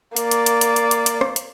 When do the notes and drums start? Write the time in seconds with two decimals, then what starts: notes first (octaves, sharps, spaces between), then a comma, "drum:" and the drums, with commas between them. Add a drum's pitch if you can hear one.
0.16 A#3 D5, drum: hi-hat
0.31 drum: hi-hat
0.46 drum: hi-hat
0.61 drum: hi-hat
0.76 drum: hi-hat
0.91 drum: hi-hat
1.06 drum: hi-hat
1.21 drum: rim click
1.36 drum: hi-hat